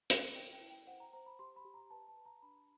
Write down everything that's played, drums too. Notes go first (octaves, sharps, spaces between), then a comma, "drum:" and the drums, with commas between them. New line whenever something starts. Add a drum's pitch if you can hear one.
G#4, drum: hi-hat
E4 G5
G5
E4
G5
C5 F#5
A#5
C5 A#5
B5
G4 C6
B5
G4
A#5
B4 A5
A5
B4
A#5
D4 B5